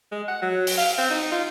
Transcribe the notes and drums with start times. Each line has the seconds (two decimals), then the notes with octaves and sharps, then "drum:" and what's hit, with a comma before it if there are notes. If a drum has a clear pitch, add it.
0.12 G#3
0.28 F#5
0.42 F#3
0.67 drum: open hi-hat
0.78 F5
0.98 C4
1.11 D#4
1.32 F4